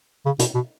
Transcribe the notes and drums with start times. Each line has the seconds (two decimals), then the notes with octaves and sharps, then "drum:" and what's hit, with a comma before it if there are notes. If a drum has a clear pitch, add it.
0.26 C#3
0.39 B2, drum: hi-hat
0.55 B2